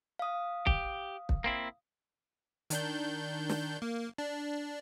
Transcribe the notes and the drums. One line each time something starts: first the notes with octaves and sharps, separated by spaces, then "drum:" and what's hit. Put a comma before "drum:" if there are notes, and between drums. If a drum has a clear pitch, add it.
F5 D#6
G4, drum: kick
drum: kick
A#3 C4 E4
D#3 D4 G6, drum: hi-hat
drum: snare
A#3
D4